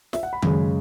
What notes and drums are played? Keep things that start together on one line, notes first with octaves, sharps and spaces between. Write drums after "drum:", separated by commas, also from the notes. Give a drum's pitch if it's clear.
E5, drum: snare
F#5
B5
F#2 C#3 G#3, drum: tom D#3